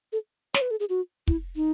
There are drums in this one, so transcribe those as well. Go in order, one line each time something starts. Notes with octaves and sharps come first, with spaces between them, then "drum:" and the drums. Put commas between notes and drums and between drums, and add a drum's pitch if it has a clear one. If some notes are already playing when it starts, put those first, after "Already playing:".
A4
C#5, drum: snare
B4
A4
G#4
F#4
E4, drum: kick
D#4